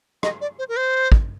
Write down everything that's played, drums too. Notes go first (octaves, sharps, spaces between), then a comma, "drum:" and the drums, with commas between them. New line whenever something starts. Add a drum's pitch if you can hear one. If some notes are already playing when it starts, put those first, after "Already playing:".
D#5, drum: rim click
D5
C5
A#4
C5
drum: kick